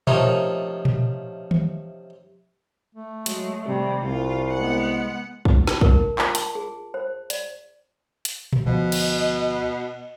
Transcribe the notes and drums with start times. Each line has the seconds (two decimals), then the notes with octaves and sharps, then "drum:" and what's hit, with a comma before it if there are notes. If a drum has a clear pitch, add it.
0.07 C3 F3 A3 C#4 D#4 A#4, drum: tom A#2
0.85 drum: tom A#2
1.51 drum: tom D#3
2.95 A3
3.26 F#3 G#3, drum: hi-hat
3.66 C3 D#3 G3
4.03 C2 F4
4.54 G#3 B3 F#5
5.45 drum: kick
5.67 A5, drum: snare
5.81 A#4, drum: kick
6.18 F4, drum: clap
6.35 A5, drum: hi-hat
6.55 G#4
6.94 C5
7.30 D5, drum: hi-hat
8.25 drum: hi-hat
8.53 drum: tom A#2
8.66 D2 B2 F3 D#5
8.92 drum: cymbal